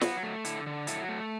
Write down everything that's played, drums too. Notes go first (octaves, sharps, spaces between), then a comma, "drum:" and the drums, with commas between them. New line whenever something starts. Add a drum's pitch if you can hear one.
F#3 F#4 B4, drum: snare
A3
D3 E4 A4, drum: hi-hat
D3
F#3 E4 A4, drum: hi-hat
A3